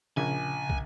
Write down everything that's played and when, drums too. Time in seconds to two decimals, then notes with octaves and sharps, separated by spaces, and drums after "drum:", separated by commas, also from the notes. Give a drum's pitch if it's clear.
0.17 A#1 C#3 G#5
0.70 drum: kick